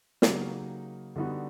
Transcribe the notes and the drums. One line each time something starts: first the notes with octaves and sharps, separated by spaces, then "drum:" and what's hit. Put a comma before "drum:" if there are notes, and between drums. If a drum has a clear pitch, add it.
C#3 F#3 A#3 D#4 G4, drum: snare
D3 G3 B3 D#4 F#4